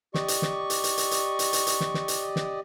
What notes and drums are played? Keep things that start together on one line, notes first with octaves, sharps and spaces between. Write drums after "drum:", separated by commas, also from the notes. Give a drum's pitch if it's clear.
G4 D5 D#5 C#6, drum: snare
drum: hi-hat
drum: snare
drum: hi-hat
drum: hi-hat
drum: hi-hat
drum: hi-hat
drum: hi-hat
drum: hi-hat
drum: hi-hat
drum: snare
drum: snare
drum: hi-hat
drum: snare